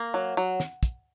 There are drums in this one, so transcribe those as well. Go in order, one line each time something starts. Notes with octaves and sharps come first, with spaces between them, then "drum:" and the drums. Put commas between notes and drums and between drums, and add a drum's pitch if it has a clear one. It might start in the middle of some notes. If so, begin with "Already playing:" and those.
Already playing: A#3
F#3
F#3
drum: snare
drum: kick, hi-hat